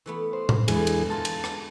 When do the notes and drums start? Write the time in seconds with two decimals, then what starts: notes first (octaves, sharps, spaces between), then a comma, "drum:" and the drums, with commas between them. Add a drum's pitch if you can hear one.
0.06 E3 A3 B3
0.33 C5
0.49 drum: tom A2
0.68 E2 D3 G#3 B3 G#4, drum: cymbal
0.87 drum: cymbal
1.10 F#3 F4 A#4 A5
1.25 drum: cymbal
1.44 drum: rim click